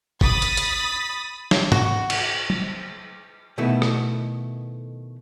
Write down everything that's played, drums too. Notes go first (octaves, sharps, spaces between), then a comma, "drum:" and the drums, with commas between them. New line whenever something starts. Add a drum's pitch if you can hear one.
B5 D#6 A6 B6, drum: kick
drum: hi-hat
drum: hi-hat
drum: snare
F#4, drum: tom
drum: cymbal
drum: tom
B2 D#3 A3 B3 E4
drum: rim click